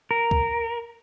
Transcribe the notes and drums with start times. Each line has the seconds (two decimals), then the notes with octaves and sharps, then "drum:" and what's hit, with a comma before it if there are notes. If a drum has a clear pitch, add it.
0.11 A#4
0.31 drum: kick C2